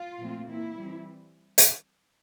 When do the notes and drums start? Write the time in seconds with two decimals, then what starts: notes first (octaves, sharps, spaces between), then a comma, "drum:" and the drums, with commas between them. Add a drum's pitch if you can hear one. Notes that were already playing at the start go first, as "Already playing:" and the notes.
Already playing: F4
0.18 A#2 F3 A3 C4
0.49 E3 A#3 E4
0.80 E3 G3 C4
1.58 drum: hi-hat